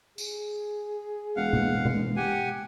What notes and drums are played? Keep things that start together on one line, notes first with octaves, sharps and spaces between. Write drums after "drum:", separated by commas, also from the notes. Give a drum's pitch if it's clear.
G#4, drum: tambourine
E1 G#3 F5 F#5
drum: tom B2
drum: tom B2
G4 F#5 G#5